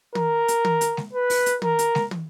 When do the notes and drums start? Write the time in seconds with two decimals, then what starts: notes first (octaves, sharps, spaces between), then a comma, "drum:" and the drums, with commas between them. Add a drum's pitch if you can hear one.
0.15 A#4, drum: tom
0.48 drum: hi-hat
0.65 drum: tom
0.81 drum: hi-hat
0.97 drum: snare
1.13 B4
1.30 drum: open hi-hat
1.46 drum: hi-hat
1.62 A#4, drum: tom
1.79 drum: hi-hat
1.95 drum: snare
2.11 drum: tom